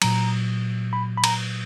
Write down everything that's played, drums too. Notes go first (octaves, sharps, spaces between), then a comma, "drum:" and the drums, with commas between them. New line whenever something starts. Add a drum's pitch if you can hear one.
A#2 F#3 A#5, drum: cymbal
B5
B5
A#5, drum: cymbal